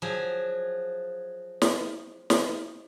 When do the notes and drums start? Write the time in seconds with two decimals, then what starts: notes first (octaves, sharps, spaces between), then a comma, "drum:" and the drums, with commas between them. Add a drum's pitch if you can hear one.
0.02 F3 F#3 G#4
1.62 drum: snare
2.30 drum: snare